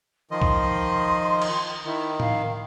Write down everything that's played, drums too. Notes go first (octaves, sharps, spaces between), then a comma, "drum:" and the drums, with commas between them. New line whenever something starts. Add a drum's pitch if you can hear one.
D#3 F3 D#5 C6
drum: kick
drum: cymbal
D#3 E4
F5, drum: tom A2